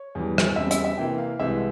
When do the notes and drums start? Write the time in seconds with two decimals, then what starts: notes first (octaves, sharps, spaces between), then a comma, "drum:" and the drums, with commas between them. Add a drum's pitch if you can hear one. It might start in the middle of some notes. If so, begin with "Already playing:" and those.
Already playing: C#5
0.15 E2 E3 G3
0.38 drum: rim click
0.56 E2 C#3 G3 C4 E5
0.71 E5, drum: hi-hat
0.85 E5
0.97 C3 E3 A#3 G5
1.18 F5
1.39 C2 C3 E3 G#3 E5